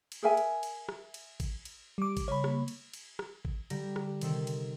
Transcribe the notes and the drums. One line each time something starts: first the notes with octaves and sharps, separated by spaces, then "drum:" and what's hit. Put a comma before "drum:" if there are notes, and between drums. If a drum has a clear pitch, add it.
drum: cymbal
G#4 A#4 E5 G#5
drum: cymbal
drum: cymbal
drum: rim click
drum: cymbal
drum: kick G#1, cymbal
drum: cymbal
G3 D6
drum: kick G#1, cymbal
C#3 G3 C#5 B5
A#3, drum: rim click
drum: cymbal
drum: cymbal
drum: rim click
drum: kick G#1
D3 G3 G4 A#5 A#6, drum: cymbal
drum: rim click
C3 D#3 C4 A4, drum: cymbal
drum: cymbal